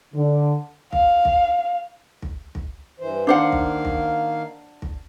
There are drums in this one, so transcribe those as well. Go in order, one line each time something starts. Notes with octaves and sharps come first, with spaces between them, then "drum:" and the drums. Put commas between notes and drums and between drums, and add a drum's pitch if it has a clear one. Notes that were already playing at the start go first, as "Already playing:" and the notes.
D3
F5, drum: kick
drum: kick
drum: kick
drum: kick
G2 E3 C5
D#3 A#3 D4 C5 F5 F#5
drum: kick
drum: kick
drum: kick